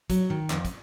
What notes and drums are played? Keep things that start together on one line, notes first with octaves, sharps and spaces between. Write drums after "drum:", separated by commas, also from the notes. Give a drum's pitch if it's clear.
F#3, drum: kick, hi-hat
D#3
F2, drum: clap
drum: kick, hi-hat